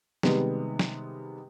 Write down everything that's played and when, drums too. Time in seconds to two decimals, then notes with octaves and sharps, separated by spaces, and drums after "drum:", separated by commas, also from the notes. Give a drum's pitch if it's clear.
0.23 C3 D#3 G3 G#3 B3, drum: snare
0.79 drum: snare